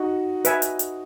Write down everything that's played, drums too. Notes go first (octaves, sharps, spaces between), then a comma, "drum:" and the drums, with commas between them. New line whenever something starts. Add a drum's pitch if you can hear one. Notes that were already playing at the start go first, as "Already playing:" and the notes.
Already playing: D#4 F#4
B4 E5 G#5, drum: hi-hat
drum: hi-hat
drum: hi-hat